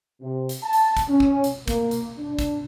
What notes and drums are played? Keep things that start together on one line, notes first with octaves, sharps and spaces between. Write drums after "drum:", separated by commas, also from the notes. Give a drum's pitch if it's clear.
C3
drum: hi-hat
A5
drum: hi-hat
drum: kick, hi-hat
C#4
drum: kick
drum: hi-hat
A#3, drum: kick, hi-hat
drum: hi-hat
D4
drum: kick, hi-hat